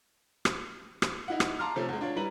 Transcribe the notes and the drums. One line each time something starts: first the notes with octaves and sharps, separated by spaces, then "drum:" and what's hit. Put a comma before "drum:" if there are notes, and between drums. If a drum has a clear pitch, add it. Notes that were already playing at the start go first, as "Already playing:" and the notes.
drum: rim click
drum: rim click
D#4 E4 F#5
drum: rim click
F5 A5 A#5 C6 D6 F6
C3 F3 A3 C4 C#4
E2 G#3
D4 F4 C#5
G3 E4 B4 A#5 F#7